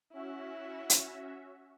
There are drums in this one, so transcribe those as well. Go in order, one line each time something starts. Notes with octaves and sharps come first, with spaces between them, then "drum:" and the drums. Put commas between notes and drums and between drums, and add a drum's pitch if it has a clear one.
C#4 E4 F#4 E5
drum: hi-hat